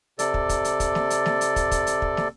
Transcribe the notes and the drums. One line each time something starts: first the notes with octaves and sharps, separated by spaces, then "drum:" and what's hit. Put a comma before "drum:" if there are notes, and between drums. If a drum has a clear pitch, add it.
C3 A4 D5, drum: hi-hat
drum: kick
drum: kick, hi-hat
drum: hi-hat
drum: kick, hi-hat
drum: snare
drum: hi-hat
drum: snare
drum: hi-hat
drum: kick, hi-hat
drum: kick, hi-hat
drum: hi-hat
drum: kick
drum: snare